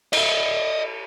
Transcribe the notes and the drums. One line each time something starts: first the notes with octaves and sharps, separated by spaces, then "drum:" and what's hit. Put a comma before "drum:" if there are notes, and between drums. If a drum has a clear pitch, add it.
D#5 E5, drum: cymbal